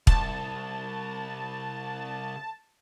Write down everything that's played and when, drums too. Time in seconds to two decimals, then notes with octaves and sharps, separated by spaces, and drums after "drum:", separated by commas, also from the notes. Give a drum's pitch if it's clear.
0.07 C2 A5, drum: kick